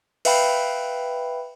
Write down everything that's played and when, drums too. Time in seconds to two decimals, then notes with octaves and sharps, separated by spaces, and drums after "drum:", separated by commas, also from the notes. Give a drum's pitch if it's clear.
0.25 B4 E5 F5 G5 B5, drum: cymbal